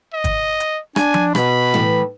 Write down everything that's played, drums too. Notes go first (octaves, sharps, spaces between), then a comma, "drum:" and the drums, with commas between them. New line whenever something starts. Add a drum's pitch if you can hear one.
D#5
drum: kick, hi-hat
drum: hi-hat
D4 G#5, drum: rim click
drum: tom F3
B2 B5, drum: rim click
A2 E3